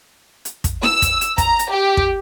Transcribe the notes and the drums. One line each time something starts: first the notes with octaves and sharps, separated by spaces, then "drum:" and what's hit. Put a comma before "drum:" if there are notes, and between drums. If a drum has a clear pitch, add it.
drum: hi-hat
drum: kick, hi-hat
E6, drum: snare E4
drum: kick, hi-hat
drum: hi-hat
A#5, drum: kick, hi-hat
drum: hi-hat
G4
drum: kick